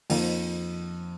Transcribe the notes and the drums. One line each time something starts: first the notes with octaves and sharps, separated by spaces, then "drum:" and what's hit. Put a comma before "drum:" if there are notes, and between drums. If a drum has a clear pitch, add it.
F2 F3 A#3 D#4, drum: open hi-hat